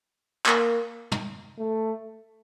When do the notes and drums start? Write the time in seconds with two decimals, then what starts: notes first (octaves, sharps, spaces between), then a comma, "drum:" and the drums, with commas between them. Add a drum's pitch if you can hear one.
0.46 A#3, drum: clap
1.12 drum: tom
1.58 A3